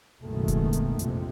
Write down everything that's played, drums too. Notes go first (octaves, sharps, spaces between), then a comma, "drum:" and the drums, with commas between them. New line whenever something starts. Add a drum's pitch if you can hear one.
F#1 B1 B2 D#3 G#3 A3
drum: kick D#1, hi-hat
drum: hi-hat
A#1 F2 C3, drum: hi-hat